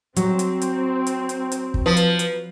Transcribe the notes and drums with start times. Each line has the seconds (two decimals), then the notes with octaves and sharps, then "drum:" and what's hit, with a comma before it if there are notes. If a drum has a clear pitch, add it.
0.16 F#3 C4, drum: hi-hat
0.39 drum: hi-hat
0.61 drum: hi-hat
1.07 drum: hi-hat
1.29 drum: hi-hat
1.52 drum: hi-hat
1.74 drum: kick
1.86 F3 B4
1.97 drum: hi-hat
2.19 drum: hi-hat